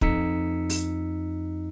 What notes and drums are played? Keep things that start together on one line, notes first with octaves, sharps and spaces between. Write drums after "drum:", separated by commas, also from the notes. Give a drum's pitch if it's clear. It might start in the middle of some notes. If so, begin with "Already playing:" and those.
F2 D#4 E6 B6 C#7, drum: kick
drum: open hi-hat